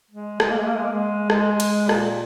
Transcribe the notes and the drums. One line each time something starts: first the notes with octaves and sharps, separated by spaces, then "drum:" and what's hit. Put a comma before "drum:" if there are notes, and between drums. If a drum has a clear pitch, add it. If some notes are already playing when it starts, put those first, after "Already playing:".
G#3
G#3, drum: rim click
A#3
G#3
A#3
G#3
A#3
G#3
G#3, drum: rim click
drum: cymbal
A#2, drum: rim click